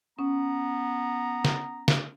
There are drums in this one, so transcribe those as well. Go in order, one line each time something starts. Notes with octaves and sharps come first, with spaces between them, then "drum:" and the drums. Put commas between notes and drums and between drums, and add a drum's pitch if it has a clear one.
B3 C#4 A#5
drum: snare
drum: snare